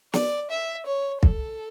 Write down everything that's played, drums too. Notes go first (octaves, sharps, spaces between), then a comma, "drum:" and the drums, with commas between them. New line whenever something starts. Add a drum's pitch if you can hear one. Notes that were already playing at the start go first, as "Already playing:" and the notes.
D5, drum: snare
E5
C#5
A4, drum: kick